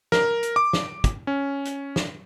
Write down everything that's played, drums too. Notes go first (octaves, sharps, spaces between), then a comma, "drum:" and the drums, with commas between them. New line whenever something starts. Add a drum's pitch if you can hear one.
A#4, drum: snare
drum: hi-hat
D6
drum: snare
drum: kick, hi-hat
C#4
drum: hi-hat
drum: snare